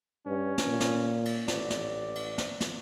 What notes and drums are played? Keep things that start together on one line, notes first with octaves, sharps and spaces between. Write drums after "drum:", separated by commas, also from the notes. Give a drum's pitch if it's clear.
G2 C#4
drum: snare
A#2
drum: snare
drum: cymbal
A1 D5, drum: snare
drum: snare
drum: cymbal
drum: snare
drum: snare